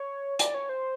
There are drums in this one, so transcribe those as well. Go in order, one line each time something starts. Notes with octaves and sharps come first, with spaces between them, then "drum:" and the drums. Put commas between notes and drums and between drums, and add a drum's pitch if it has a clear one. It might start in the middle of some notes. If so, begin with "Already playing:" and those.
Already playing: C#5
D5, drum: hi-hat
C#5
C5